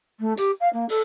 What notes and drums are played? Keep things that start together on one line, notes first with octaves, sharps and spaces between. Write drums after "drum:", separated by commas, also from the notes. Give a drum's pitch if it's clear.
A3
G4, drum: hi-hat
F5
A#3
A4, drum: open hi-hat